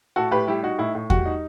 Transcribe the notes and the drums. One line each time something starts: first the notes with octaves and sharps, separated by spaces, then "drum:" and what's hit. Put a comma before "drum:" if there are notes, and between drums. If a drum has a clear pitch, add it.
A2 F#4 A4
A2 G4 B4
G3 E4 G4
D#4 F#4
A2 E4
A2
G3 F#4, drum: kick E2
D#4